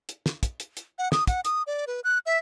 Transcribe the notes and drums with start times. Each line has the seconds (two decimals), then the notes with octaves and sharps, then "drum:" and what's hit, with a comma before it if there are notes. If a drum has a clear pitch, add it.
0.09 drum: hi-hat
0.26 drum: snare
0.43 drum: kick, hi-hat
0.60 drum: hi-hat
0.77 drum: hi-hat
0.98 F#5
1.12 D#6, drum: snare
1.27 F#5, drum: kick, hi-hat
1.45 D#6, drum: hi-hat
1.67 D5
1.87 B4
2.04 F#6
2.26 E5